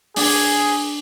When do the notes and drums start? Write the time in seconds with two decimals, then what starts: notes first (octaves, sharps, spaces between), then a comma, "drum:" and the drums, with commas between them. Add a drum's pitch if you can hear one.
0.16 D4 G#4 G#5, drum: open hi-hat